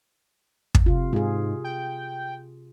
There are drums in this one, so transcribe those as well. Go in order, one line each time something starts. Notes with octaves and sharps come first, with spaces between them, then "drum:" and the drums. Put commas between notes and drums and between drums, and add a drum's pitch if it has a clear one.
drum: kick
C3 F4
G#2 F4 G#4
G5